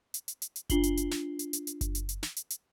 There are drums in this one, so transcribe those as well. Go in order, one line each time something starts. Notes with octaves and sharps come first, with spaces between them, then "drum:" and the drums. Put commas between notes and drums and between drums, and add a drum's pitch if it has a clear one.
drum: hi-hat
drum: hi-hat
drum: hi-hat
drum: hi-hat
D4 F4 C7 F#7 G7, drum: kick F#1, hi-hat
drum: hi-hat
drum: hi-hat
drum: snare
drum: hi-hat
drum: hi-hat
drum: hi-hat
drum: kick F#1, hi-hat
drum: hi-hat
drum: hi-hat
drum: snare
drum: hi-hat
drum: hi-hat